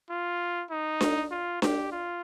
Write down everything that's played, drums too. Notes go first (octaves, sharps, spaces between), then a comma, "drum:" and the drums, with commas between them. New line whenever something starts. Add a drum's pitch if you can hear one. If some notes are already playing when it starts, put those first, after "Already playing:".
F4
D#4
drum: snare D4
F4
G4, drum: snare D4
F4